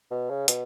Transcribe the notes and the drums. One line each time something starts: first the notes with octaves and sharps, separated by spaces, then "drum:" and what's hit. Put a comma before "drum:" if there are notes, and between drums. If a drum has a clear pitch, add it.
B2
C#3
B2, drum: hi-hat